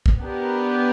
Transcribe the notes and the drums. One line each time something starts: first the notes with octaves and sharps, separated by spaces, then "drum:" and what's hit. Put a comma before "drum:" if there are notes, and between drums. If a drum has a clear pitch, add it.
drum: kick
B3 D4 G4 A#4